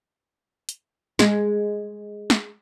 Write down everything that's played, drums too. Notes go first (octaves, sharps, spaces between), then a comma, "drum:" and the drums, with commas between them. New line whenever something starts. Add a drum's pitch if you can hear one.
drum: hi-hat
G#3, drum: snare
drum: snare